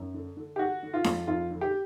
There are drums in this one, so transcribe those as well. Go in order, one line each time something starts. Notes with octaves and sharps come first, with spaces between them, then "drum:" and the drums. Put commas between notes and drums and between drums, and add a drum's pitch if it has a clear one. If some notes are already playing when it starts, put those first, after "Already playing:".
Already playing: F#2
D3
D3
G4
D3 F#4
D3
F4
F2, drum: snare D4
F2 F4
D3
G4